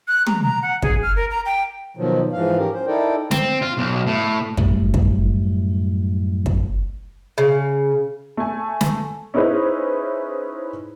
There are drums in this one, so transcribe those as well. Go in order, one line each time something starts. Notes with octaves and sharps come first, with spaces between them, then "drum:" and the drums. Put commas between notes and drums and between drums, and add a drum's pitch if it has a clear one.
F#6
A#5, drum: tom
A#5
F#5
G#4, drum: kick
F6
A#4
A#5
G5
B2 D#3 F3 F#3
G#2 E3 F3 F5
C#4 G4 A#4
C5
D#4 E4 A4 A#4 D5 G5
C4, drum: snare
F4
B1
A2
F#2 A2 G3 A3, drum: kick
drum: kick
drum: kick
C#3
A3 G#5
drum: snare
C#4 D#4 E4 G#4 B4 C5